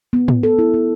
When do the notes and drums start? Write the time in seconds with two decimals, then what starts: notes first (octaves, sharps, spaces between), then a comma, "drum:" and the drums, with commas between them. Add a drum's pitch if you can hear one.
0.13 B3
0.28 B3, drum: tom
0.43 A4
0.59 E4
0.74 B3